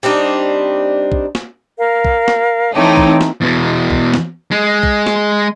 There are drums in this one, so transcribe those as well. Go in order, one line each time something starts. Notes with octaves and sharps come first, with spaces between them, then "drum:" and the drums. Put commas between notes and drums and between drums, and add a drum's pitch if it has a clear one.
G3 C4 D4 D#4
drum: kick
drum: snare
A#4 F5
drum: kick
drum: snare
E3 A3 C4 D#4 C#5 G5 D6
drum: kick
drum: snare
E2 B2
drum: kick
drum: snare
G#3
drum: kick
drum: snare